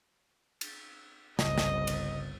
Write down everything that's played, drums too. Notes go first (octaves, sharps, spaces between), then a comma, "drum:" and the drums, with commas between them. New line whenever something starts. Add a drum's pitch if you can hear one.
drum: cymbal
G1 C2 C#3 D#5, drum: snare
drum: snare
drum: cymbal